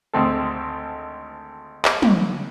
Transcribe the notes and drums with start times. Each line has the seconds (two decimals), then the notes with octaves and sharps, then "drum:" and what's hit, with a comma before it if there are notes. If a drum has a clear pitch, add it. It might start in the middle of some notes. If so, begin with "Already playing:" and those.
0.13 G#1 D2 C4 A4
1.85 drum: clap
2.02 drum: tom